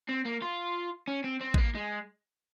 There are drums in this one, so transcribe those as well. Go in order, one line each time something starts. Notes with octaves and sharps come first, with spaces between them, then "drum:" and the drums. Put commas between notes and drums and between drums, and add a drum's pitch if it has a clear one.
C4
A#3
F4
C#4
C4
C4
G#3, drum: kick A1
A#3
G#3